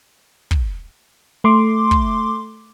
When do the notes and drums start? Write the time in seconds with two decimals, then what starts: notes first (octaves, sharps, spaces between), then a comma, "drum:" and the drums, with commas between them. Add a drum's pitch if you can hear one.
0.51 drum: kick
1.44 A3 C6 D6
1.91 drum: kick